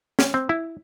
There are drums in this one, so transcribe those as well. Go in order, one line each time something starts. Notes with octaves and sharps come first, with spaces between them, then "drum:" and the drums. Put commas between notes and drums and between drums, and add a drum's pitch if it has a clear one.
C#4, drum: snare
C4
E4